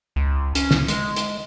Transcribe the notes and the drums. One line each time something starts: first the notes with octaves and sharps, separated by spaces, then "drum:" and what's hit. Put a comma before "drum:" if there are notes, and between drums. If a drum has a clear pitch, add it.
C#2
C#4, drum: hi-hat
drum: snare
G#3, drum: hi-hat
drum: hi-hat